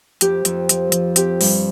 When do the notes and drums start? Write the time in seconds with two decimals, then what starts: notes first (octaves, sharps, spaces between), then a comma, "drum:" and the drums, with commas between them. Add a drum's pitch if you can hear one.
0.21 F2 G4, drum: hi-hat
0.45 F2, drum: hi-hat
0.69 F3, drum: hi-hat
0.92 F3, drum: hi-hat
1.16 C4 G4, drum: hi-hat
1.41 G2, drum: open hi-hat